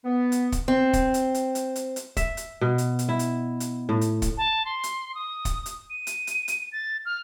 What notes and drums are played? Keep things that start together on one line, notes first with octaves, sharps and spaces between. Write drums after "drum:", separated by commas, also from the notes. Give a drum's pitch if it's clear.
B3
drum: hi-hat
drum: kick, hi-hat
C4
drum: kick, hi-hat
drum: hi-hat
drum: hi-hat
drum: hi-hat
drum: hi-hat
drum: hi-hat
E5, drum: kick, hi-hat
drum: hi-hat
B2
drum: hi-hat
drum: hi-hat
E4
drum: hi-hat
drum: hi-hat
A2
drum: hi-hat
drum: kick, hi-hat
A5
C6
drum: hi-hat
D#6
drum: kick, hi-hat
drum: hi-hat
D#7
drum: hi-hat
drum: hi-hat
drum: hi-hat
A6
F6